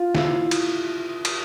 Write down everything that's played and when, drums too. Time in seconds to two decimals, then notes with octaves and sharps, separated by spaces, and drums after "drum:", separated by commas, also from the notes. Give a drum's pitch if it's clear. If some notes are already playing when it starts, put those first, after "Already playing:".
Already playing: F4
0.15 E4, drum: snare
0.51 drum: cymbal
1.25 drum: cymbal